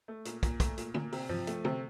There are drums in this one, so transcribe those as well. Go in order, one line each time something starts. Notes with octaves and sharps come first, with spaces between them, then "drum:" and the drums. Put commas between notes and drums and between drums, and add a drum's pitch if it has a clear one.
A3
A#2, drum: hi-hat
A#2, drum: kick, hi-hat
A3, drum: kick, hi-hat
A#2, drum: hi-hat
A#2, drum: tom
C3, drum: open hi-hat
F3, drum: tom G2
A3, drum: hi-hat
C3, drum: tom